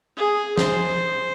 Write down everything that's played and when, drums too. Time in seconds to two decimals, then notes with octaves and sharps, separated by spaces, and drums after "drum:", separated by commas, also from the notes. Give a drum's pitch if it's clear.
0.17 G#4
0.57 C5, drum: snare